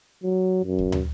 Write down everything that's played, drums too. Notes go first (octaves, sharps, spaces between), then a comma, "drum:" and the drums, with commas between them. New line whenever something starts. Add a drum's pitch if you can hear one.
F#3
F#2
drum: kick C#2
drum: tom